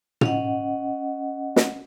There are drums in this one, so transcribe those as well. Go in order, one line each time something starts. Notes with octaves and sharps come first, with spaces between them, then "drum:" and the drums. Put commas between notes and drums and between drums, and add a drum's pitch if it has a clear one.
C#4 D#5 F#5, drum: tom
drum: snare